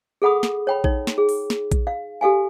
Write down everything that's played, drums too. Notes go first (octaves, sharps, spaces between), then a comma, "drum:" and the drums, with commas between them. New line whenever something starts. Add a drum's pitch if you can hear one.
G#4 A4 F#5 B5 D#6
drum: snare
C#5 G5 B5
D#4 C#5, drum: kick A#1
drum: snare
G#4
drum: open hi-hat
drum: snare
drum: kick A#1, hi-hat
F5
G4 A4 F5 G#5